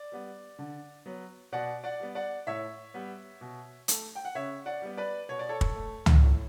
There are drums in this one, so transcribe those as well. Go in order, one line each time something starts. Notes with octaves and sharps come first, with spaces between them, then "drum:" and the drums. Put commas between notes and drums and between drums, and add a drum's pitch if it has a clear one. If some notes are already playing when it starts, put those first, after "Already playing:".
Already playing: D5
G3 B3
D3
F#3 B3
B2 D5 F#5
D5 F#5
G3 B3
D5 F#5
A2 C#5 E5
G3 B3
B2
A3, drum: hi-hat
G5
F#5
C#3 C#5 E5
D5 F#5
G3 B3
B4 D5
B2 C#5
D5
A4 C#5
drum: kick
A3
drum: tom C#2
A2